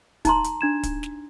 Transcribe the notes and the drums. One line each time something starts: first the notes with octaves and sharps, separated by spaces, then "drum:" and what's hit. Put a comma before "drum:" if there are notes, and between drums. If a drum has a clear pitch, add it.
D#4 A#5 C6, drum: kick, hi-hat
drum: hi-hat
D4 G#6 E7
drum: kick, hi-hat
drum: snare